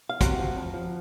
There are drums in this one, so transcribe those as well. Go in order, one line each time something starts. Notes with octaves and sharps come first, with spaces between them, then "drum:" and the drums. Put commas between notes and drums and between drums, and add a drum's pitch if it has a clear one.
F5
C3 F#4 F#5, drum: kick, hi-hat
F3
F2
F3